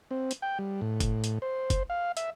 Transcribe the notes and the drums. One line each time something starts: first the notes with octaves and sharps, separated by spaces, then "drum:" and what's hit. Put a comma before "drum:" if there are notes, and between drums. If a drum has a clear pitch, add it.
C4
drum: hi-hat
G5
G3
A2
drum: kick, hi-hat
drum: hi-hat
C5
drum: kick, hi-hat
F5
E5, drum: hi-hat